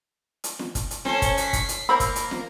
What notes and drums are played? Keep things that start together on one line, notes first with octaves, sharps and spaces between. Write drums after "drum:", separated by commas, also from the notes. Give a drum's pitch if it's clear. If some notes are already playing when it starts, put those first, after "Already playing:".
drum: hi-hat
drum: snare
drum: kick, hi-hat
drum: hi-hat
C#4 A4 C5, drum: snare
drum: kick, hi-hat
C#5 B6 C7, drum: hi-hat
drum: kick, hi-hat
drum: hi-hat
A#3 A#4 C5 B5 E6
drum: kick, hi-hat
drum: hi-hat
drum: snare